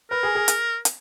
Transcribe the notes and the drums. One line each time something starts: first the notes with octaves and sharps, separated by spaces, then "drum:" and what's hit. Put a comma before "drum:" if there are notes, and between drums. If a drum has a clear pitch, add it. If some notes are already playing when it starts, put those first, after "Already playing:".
A#4 B4
G#4
G#4
drum: hi-hat
drum: hi-hat